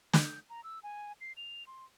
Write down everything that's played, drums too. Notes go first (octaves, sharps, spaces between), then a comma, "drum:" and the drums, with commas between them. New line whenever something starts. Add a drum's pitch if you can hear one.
G6, drum: snare
A#5
E6
G#5
C7
F7
C6